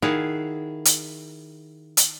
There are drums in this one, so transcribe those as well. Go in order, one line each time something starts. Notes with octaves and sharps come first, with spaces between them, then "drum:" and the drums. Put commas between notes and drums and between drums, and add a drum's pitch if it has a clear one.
D#3 E4 F#4 G#4 F5
drum: hi-hat
drum: hi-hat